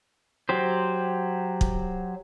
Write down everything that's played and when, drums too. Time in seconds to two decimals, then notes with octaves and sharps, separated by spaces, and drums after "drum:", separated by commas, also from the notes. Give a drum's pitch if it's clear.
0.49 F#3 G4 C5
1.61 drum: kick